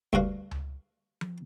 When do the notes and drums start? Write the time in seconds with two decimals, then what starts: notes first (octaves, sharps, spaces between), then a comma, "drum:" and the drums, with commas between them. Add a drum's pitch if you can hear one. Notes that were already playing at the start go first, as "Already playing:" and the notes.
0.13 D2 G2 F#4 F5, drum: kick
0.51 drum: tom C#2
1.21 drum: tom F3